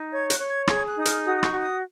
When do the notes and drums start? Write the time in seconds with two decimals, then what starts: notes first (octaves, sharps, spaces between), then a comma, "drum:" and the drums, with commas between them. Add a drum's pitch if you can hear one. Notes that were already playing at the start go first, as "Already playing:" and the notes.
Already playing: D#4
0.12 C#5 G#6
0.30 F#6, drum: hi-hat
0.39 C#5
0.49 G#6
0.67 G#4 G#6, drum: rim click
0.87 F#6
0.96 D#4 D#6
1.05 F6, drum: hi-hat
1.24 F#4 D#6
1.38 D#6
1.43 C#6, drum: rim click
1.52 F#4
1.62 D#6